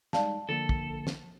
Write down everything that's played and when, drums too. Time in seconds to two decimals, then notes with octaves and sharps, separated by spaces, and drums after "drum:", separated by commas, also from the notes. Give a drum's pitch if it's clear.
0.13 G3 G#3 D#4 D5 F5 A5, drum: snare
0.49 D3 F3 A#3 A4
0.69 drum: kick
1.07 drum: snare